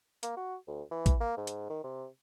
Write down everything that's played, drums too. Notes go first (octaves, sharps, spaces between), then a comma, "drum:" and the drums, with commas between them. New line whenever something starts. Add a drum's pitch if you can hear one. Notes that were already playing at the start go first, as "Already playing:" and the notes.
A#3, drum: hi-hat
F#4
D2
E3
drum: kick, hi-hat
A#3
G#2
drum: hi-hat
D#3
C3